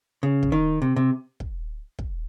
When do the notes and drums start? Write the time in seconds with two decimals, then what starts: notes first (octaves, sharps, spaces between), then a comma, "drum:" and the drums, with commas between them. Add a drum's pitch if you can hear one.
0.23 C#3
0.43 drum: kick
0.52 D#3
0.82 C3
0.96 C3
1.40 drum: kick
1.99 drum: kick